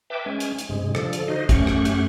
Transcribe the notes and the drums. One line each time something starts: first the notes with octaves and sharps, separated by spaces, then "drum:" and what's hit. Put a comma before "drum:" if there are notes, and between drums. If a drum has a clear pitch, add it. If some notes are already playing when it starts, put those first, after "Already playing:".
B4 E5 G5 A5 D6
G#3 C#4 G#5
drum: hi-hat
drum: hi-hat
G2 C3 G#3
D3 F3 A4, drum: rim click
drum: hi-hat
D#4 F#4 C5 D#5
F#2 A3 C#4 G4 F#5 C#6, drum: kick, hi-hat
drum: rim click
drum: hi-hat